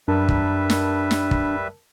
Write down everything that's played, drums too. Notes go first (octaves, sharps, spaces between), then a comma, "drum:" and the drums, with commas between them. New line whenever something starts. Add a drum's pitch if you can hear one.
F#2 G3 D4 A#4 B4 E5 A5
drum: kick
drum: snare
drum: snare
drum: kick